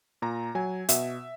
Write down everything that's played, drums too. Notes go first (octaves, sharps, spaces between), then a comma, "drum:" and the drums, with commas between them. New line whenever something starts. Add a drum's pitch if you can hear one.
A#2 A#5
F#3 G#5
B2 E5, drum: hi-hat